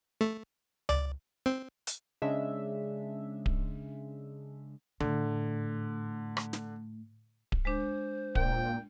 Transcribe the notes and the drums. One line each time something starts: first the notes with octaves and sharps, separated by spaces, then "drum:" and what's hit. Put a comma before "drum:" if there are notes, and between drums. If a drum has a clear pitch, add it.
A3
D5, drum: tom C#2
C4
drum: hi-hat
C#3 G#3 D4 E5
drum: kick D1
A2 D3, drum: tom D3
drum: rim click
drum: snare
drum: kick D1
G#3 D4 C5
A#2 G5, drum: kick D1